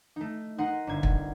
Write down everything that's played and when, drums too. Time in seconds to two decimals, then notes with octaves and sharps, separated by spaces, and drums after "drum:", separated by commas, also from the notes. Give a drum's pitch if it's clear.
0.16 A3 D#4
0.58 D#4 A#4 D#5 F#5 C6
0.87 G1 C3 G#6
1.03 drum: kick